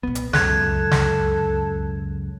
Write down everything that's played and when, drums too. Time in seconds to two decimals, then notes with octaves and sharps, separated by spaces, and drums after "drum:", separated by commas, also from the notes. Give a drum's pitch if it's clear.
0.03 C2 B2 B3
0.15 drum: hi-hat
0.33 C#2 F#2 A4 F#6 G#6, drum: snare
0.91 drum: snare